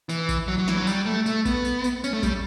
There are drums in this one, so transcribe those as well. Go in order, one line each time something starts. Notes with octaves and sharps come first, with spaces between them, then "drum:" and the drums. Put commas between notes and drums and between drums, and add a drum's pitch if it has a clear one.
E3, drum: tambourine
drum: kick A#1, tambourine
F#3
F#3
E3, drum: snare
F#3
G3, drum: tambourine
A3
A3, drum: tambourine
B3, drum: kick A#1, tambourine
drum: tambourine
drum: tambourine
C#4, drum: tambourine
A3
G3, drum: kick A#1, tambourine